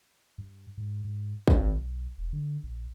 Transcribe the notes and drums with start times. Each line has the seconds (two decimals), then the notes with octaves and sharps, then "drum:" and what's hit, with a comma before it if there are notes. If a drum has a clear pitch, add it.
0.38 G2
0.77 G#2
1.04 G#2
1.48 B1, drum: kick G#1
2.18 E1
2.33 D3
2.63 A#1